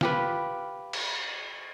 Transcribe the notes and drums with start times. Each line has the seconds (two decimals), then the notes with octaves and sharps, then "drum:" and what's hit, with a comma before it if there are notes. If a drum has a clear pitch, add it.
0.01 F4 G4 B4, drum: snare
0.93 drum: cymbal